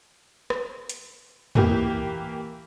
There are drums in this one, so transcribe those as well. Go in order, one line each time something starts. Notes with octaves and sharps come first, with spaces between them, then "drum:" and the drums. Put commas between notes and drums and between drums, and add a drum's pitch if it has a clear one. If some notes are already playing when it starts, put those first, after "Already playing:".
drum: rim click
drum: hi-hat
E3 A#3 G4, drum: tom